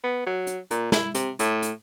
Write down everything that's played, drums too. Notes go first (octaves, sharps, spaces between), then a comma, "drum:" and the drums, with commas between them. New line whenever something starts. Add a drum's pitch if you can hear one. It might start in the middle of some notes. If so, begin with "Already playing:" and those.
B3
F#3
drum: hi-hat
A#2, drum: hi-hat
E4, drum: snare
C3, drum: hi-hat
A2, drum: hi-hat
drum: hi-hat